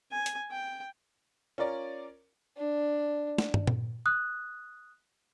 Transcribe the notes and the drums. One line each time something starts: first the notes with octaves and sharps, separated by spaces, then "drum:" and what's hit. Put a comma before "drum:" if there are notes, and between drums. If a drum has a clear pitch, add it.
G#5
drum: hi-hat
G5
C#4 F4 A#4 D5
D4
drum: snare
drum: tom
drum: tom A#2
D#6 F#6